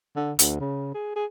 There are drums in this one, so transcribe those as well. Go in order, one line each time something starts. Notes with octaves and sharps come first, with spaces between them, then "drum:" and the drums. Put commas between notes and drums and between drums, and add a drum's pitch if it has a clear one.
D3
D2, drum: hi-hat
C#3
G#4
G#4